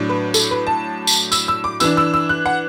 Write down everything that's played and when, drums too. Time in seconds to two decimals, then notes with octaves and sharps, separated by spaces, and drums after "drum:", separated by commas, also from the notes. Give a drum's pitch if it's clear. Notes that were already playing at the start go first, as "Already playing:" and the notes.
Already playing: A2 F#3 D4
0.09 B4
0.34 A4, drum: tambourine
0.51 B4
0.67 A5
1.07 drum: tambourine
1.32 E6, drum: tambourine
1.48 E6
1.64 D6
1.80 E3 D4 E6, drum: tambourine
1.97 E6
2.14 E6
2.29 F#6
2.46 F#5